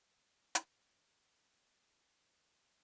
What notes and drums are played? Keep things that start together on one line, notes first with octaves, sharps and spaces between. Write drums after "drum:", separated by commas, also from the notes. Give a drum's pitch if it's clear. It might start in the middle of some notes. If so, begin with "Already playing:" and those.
F#6
drum: hi-hat
A5 G#6 C#7 G7
F#4 F#5
C4 E4